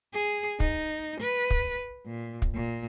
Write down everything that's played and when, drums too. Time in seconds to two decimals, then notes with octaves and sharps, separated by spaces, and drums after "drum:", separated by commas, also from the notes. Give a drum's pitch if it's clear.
0.13 G#4
0.60 D#4, drum: kick
1.20 B4
1.50 drum: kick
2.06 A#2
2.42 drum: kick
2.55 A#2